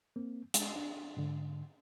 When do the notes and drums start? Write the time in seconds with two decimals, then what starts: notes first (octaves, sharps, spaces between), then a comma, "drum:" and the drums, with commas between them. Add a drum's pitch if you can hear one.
0.16 A#3 C4
0.54 G#3, drum: hi-hat
0.76 D4
1.17 G#2 D3